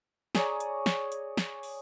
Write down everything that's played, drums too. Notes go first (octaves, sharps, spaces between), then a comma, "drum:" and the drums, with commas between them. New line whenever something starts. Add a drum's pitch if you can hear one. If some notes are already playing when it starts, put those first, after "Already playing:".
G#4 C#5 D5 A#5, drum: snare
drum: hi-hat
drum: snare
drum: hi-hat
drum: snare
drum: open hi-hat